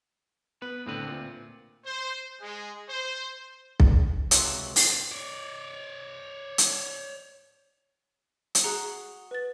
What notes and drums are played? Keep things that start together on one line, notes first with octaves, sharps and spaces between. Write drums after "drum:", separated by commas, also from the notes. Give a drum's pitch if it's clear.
B3 B4
D2 A2 D3 C4 B4
A#2
C5
G#3
C5
drum: kick B1
C#2 C3 F#3 A5, drum: hi-hat
F#4 A4 B4 C5 G5, drum: open hi-hat
C#5 D5
drum: hi-hat
drum: hi-hat
F#4 G#4 A#5 C#7 F7 G7
B4 A6